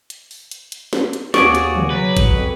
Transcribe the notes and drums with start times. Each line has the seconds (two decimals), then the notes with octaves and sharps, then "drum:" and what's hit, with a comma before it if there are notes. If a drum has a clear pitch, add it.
0.10 drum: hi-hat
0.31 drum: open hi-hat
0.51 drum: hi-hat
0.72 drum: hi-hat
0.93 drum: snare
1.13 drum: hi-hat
1.34 D#2 F#4 G#4 D5 C#6 D6 D7, drum: snare
1.55 drum: hi-hat
1.75 drum: tom
1.91 F#3 B4
2.17 drum: kick, hi-hat
2.28 F2